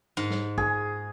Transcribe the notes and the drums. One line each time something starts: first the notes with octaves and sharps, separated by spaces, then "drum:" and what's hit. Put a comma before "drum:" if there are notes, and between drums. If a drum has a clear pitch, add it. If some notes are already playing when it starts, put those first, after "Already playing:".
G#2
drum: snare
G#4, drum: kick